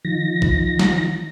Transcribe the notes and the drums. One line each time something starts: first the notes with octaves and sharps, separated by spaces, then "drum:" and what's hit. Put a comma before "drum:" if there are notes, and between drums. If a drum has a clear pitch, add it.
D#3 F3 A#6
drum: kick B1
drum: snare